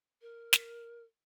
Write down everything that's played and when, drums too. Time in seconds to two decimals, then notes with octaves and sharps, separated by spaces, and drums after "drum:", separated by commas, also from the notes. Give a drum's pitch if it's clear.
0.21 A#4
0.53 drum: snare